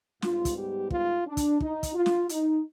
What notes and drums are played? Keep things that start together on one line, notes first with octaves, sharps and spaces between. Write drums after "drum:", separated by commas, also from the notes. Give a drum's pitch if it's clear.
G#2 G3 B3 F4, drum: snare
drum: kick, hi-hat
G4
F4, drum: kick
D4
drum: kick, hi-hat
D#4, drum: kick
drum: kick, hi-hat
F4
drum: snare
D#4, drum: hi-hat